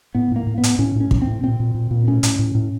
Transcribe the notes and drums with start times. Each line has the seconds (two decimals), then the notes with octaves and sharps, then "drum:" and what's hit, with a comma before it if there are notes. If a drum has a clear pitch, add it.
0.15 A2 B3
0.32 A2 A#3
0.47 A2
0.58 B3
0.64 A2, drum: hi-hat
0.79 A2 C#4
0.95 A2 C#4
1.11 A2, drum: kick
1.22 C4
1.27 A2
1.43 A#2 C4
1.60 A#2
1.75 A#2
1.91 A#2
2.07 A2 C#4
2.23 A2, drum: hi-hat
2.39 A2
2.55 A2